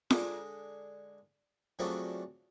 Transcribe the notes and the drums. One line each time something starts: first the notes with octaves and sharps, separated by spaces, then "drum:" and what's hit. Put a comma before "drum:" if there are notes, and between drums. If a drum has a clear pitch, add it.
D3 G#3, drum: snare
C#3 F3 F#3 A3 C4 D4